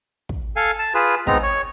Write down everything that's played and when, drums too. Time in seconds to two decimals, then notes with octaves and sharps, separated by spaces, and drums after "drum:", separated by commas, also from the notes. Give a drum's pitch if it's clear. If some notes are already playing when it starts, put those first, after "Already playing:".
0.29 drum: kick
0.56 A4 F5 G#5
0.79 A5
0.94 F4 G#4 B4
1.27 G#3 B3 C4 D#4 A#5, drum: kick
1.43 C#5